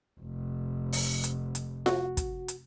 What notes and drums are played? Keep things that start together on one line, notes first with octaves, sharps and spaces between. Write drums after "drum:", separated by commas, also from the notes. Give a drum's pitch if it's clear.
F1
drum: open hi-hat
drum: hi-hat
drum: hi-hat
F#4, drum: snare F4
drum: kick, hi-hat
drum: hi-hat